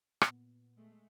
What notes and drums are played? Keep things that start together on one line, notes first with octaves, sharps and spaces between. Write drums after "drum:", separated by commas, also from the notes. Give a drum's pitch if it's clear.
A#2 B3, drum: rim click
G#3 A3